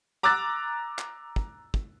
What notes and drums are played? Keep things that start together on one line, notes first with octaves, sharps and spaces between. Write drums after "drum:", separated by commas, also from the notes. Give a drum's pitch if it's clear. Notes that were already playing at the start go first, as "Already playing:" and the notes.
A#5 D6 E6 F#6 A6
drum: clap
drum: kick
drum: kick